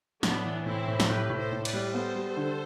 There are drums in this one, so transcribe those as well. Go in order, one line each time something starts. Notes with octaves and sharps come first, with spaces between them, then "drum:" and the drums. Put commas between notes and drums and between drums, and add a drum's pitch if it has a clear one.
A2 B3 D4, drum: snare
E3
A2 C4 E4
A2
drum: snare
A2 G4 B4
A2
A4 C5
A2
B4 D5, drum: cymbal
G3
B3 A4 C5
G3
D3